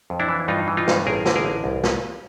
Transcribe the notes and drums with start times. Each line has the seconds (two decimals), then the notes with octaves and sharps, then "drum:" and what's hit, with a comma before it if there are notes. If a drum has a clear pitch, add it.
0.10 F2
0.20 D4 E4
0.29 E3
0.48 G2 D#4 F4
0.68 E3
0.77 D#4 F4
0.88 G2, drum: snare
1.07 A1 G#4 A#4
1.26 D3, drum: snare
1.36 G#4 A#4
1.45 A1
1.64 C2
1.83 drum: snare